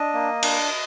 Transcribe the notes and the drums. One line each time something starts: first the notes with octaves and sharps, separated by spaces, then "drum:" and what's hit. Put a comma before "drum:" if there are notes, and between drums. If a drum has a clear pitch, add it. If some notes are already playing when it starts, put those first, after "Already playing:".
Already playing: D4 D#5
A#3
D4, drum: cymbal